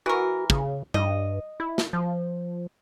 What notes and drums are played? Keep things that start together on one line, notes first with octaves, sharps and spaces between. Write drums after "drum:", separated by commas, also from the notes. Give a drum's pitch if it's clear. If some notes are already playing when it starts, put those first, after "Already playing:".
E3 F#4 A#4
C#3, drum: kick
G2 D#5, drum: tom G3
E4
drum: snare
F3